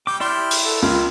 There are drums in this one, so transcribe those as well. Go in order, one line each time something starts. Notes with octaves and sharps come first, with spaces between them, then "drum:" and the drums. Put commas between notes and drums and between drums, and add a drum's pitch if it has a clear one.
G3 G5 D6
E4 G4 D5 G5 C6 F6
drum: open hi-hat
F#4 A4
C#2 A#3 F4 B4